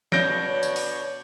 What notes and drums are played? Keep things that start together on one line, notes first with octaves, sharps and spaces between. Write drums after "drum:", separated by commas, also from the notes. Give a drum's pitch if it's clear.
B2 D4 C#5 G6 A#6 D7, drum: snare
drum: tambourine
drum: open hi-hat